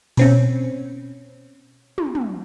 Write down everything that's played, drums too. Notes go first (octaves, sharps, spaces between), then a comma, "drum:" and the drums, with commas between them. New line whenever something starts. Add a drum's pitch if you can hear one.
B2 C4 C#4, drum: open hi-hat
drum: tom
drum: tom